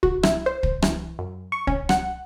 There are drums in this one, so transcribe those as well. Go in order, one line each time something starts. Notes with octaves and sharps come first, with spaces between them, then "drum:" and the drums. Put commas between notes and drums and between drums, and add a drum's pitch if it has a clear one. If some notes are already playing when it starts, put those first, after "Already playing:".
F#4, drum: kick
E4, drum: rim click
C5
drum: kick
E3, drum: rim click
F#2
C#6
C#4, drum: kick
F#5, drum: rim click